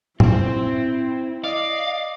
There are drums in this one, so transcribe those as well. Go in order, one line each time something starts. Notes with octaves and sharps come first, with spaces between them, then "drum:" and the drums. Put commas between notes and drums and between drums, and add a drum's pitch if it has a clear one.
C4 E4 C5, drum: tom A2
D5 D#5 F5